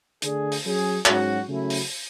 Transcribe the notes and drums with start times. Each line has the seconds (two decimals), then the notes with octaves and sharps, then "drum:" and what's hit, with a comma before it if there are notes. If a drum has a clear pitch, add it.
0.22 D3 A3 D4 G#4, drum: hi-hat
0.52 drum: open hi-hat
0.65 F#3 C#4 G#4
1.05 G#2 F#3 C#4 F#4, drum: clap
1.48 C#3 F#3 A3 C#4 E4
1.70 drum: open hi-hat